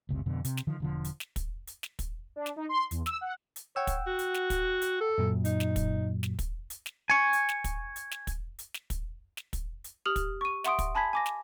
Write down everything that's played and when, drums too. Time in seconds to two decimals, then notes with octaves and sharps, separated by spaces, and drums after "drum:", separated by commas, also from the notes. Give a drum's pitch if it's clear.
0.09 F#1 C#2 C3
0.26 F2 B2 D3
0.45 C3, drum: hi-hat
0.57 drum: snare
0.67 D3 D#3 F3
0.80 E1 D3 F3
1.04 drum: hi-hat
1.20 drum: snare
1.36 drum: kick, hi-hat
1.67 drum: hi-hat
1.83 drum: snare
1.99 drum: kick, hi-hat
2.36 D4
2.46 drum: snare
2.56 D#4
2.69 C6
2.91 E2, drum: hi-hat
3.06 E6, drum: snare
3.21 F#5
3.56 drum: hi-hat
3.76 C#5 F#5 G5 E6
3.87 drum: kick, hi-hat
4.07 F#4
4.19 drum: hi-hat
4.34 drum: snare
4.50 drum: kick, hi-hat
4.82 drum: hi-hat
5.01 A4
5.18 F#2 A#2 F#3
5.45 D#4, drum: hi-hat
5.60 drum: snare
5.76 drum: kick, hi-hat
6.23 drum: snare
6.39 drum: kick, hi-hat
6.70 drum: hi-hat
6.86 drum: snare
7.10 G#5 C#6
7.33 drum: hi-hat
7.49 drum: snare
7.64 drum: kick, hi-hat
7.96 drum: hi-hat
8.11 drum: snare
8.27 drum: kick, hi-hat
8.59 drum: hi-hat
8.74 drum: snare
8.90 drum: kick, hi-hat
9.37 drum: snare
9.53 drum: kick, hi-hat
9.84 drum: hi-hat
10.06 G4 D#6 F6 F7 F#7
10.16 drum: kick, hi-hat
10.41 C#6 D#7
10.64 E5 F#5 C6 D#6 D7, drum: snare
10.79 drum: kick, hi-hat
10.95 G#5 A5 B5 G#6 B6
11.13 G#5 D6 A#6
11.26 drum: snare